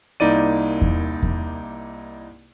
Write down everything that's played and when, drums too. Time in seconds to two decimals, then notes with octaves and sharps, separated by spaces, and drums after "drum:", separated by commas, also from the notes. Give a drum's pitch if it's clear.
0.20 C2 A#3 D#4 E4 D5 D#7
0.82 drum: kick E2
1.23 drum: kick E2